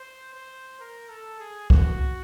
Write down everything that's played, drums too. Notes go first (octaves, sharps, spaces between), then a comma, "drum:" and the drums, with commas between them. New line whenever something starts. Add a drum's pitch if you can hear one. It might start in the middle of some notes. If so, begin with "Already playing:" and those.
Already playing: C5
C5
A#4
A4
G#4
F#4, drum: kick